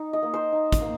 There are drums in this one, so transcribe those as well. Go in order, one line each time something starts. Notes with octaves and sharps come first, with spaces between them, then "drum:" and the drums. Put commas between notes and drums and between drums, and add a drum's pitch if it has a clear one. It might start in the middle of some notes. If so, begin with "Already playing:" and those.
Already playing: D#4
D#5
A#3
C5
D#4
drum: kick, hi-hat
A#3